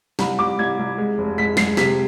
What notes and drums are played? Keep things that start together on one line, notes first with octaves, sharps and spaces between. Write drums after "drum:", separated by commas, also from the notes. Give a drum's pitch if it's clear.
C2 B5, drum: snare
C2 D6
C2 G#6
C2
G#3
F1
G#3 B6
G#3 C7, drum: snare
C3 B6, drum: snare